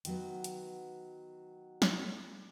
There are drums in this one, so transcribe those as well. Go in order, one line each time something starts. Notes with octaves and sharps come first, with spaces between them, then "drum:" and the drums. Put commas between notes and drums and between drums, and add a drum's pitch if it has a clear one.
D#3 F#3 B3, drum: hi-hat
drum: hi-hat
drum: snare